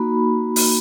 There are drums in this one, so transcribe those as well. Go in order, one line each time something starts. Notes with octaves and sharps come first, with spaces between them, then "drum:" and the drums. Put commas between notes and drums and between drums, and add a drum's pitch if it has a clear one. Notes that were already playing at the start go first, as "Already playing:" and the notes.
Already playing: A#3 D#4 F#4 B5
drum: open hi-hat